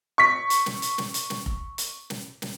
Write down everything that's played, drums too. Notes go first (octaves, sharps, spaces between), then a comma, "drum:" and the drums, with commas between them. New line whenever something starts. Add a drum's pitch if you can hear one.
C#6 B6
drum: hi-hat
drum: snare
drum: hi-hat
drum: snare
drum: hi-hat
drum: snare
drum: kick F1
drum: hi-hat
drum: snare
drum: snare